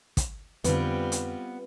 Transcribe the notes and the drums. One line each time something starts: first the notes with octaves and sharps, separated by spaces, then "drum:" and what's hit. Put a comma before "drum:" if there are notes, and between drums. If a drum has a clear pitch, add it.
drum: kick, hi-hat
F2 D3 G3 B3 C4 F4, drum: hi-hat
drum: hi-hat